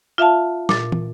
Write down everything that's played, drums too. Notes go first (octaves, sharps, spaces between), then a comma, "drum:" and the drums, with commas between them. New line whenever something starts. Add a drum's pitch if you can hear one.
F4 E5 F5 A5
A#2 A6, drum: snare
drum: tom